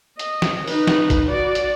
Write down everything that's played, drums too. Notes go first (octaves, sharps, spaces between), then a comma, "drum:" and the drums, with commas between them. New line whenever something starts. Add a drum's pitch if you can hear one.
D#5, drum: hi-hat
drum: snare
D#4 B4, drum: open hi-hat
drum: snare
drum: kick A1, hi-hat
F#4 D5
drum: hi-hat